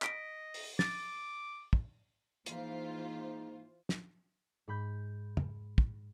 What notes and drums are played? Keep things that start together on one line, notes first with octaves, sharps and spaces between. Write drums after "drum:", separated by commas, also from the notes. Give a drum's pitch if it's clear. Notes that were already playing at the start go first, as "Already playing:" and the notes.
D#5 B6 D7, drum: clap
drum: open hi-hat
D6 A6, drum: snare
drum: kick
G#2 E3 A#3 D#4 F4 C5, drum: hi-hat
drum: snare
G#2 B5 G6
drum: tom
drum: kick